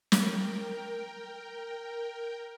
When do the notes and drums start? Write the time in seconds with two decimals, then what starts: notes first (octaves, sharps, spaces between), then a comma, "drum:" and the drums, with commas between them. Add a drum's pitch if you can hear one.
0.12 A#4 G5, drum: snare